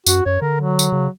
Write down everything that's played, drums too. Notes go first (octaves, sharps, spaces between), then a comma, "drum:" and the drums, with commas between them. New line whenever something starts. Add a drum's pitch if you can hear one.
F#2 F#4, drum: tambourine
F#2 C#5
D3 A#4
F#3
drum: tambourine
C#3